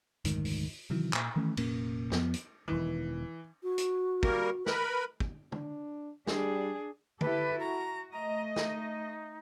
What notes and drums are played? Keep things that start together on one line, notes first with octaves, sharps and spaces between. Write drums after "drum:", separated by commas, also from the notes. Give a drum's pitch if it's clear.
F1 D2 G#2 D#3, drum: hi-hat
drum: open hi-hat
C3 D#3 E3 F#3
A#2, drum: clap
D#3 E3 A3 C#4
F1 A#2 A#3 C#4, drum: cymbal
F2 F3 B3, drum: snare
drum: hi-hat
E1 D#3 E3
F#4
drum: hi-hat
G3 A#3 A#4, drum: kick
A#4 B4 B5, drum: snare
drum: kick
D4, drum: tom
G3 D4 G#4, drum: snare
E4 G4 A4 B4, drum: tom D3
F#4 A#5
A3 D#5 A#5
D#4, drum: snare